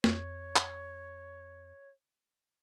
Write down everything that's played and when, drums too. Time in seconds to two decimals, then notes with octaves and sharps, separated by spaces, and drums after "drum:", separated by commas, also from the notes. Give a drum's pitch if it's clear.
0.04 F2 C#5, drum: snare
0.56 drum: clap